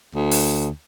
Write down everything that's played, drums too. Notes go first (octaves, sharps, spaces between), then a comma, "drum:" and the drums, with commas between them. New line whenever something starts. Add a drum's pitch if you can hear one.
D2
drum: open hi-hat